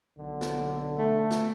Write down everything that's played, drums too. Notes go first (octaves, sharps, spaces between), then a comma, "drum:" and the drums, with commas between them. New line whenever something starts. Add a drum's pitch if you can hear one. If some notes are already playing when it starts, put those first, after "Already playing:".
B1 D3
drum: snare
A3
drum: snare